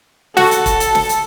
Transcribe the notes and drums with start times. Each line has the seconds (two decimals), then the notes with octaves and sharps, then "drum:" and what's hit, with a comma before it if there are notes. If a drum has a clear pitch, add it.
0.37 F#4 A4, drum: snare
0.51 drum: hi-hat
0.66 drum: kick, hi-hat
0.80 drum: hi-hat
0.95 drum: snare
1.09 drum: hi-hat